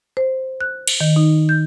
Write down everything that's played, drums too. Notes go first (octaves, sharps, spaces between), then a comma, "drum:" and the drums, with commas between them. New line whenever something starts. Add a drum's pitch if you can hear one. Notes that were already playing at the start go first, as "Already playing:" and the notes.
C5
F#6
drum: cymbal
D#3
D#4
G6